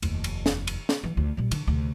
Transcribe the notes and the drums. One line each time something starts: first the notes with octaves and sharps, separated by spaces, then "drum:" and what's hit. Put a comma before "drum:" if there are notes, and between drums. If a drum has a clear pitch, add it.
F1 D#2, drum: cymbal
drum: cymbal
drum: snare
drum: cymbal
drum: snare
E3
D2
A#2 G3
D3, drum: cymbal
D2 C3